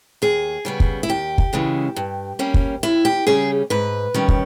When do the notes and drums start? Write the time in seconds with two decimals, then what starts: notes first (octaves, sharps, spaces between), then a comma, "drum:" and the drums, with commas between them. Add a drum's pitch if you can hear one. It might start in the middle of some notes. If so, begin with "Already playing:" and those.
0.22 D#2 G#4
0.65 C#3 G3 B3
0.80 drum: kick
1.03 E4
1.09 D#2 G4
1.38 drum: kick
1.53 C#3 E3 G#3 C#4
1.96 G2
2.39 G3 A#3 C#4
2.54 drum: kick
2.83 D#2 E4
3.05 G4
3.27 C#3 G3 C#4 G#4
3.70 G#2 B4
4.14 D#3 G3 C#4
4.28 drum: kick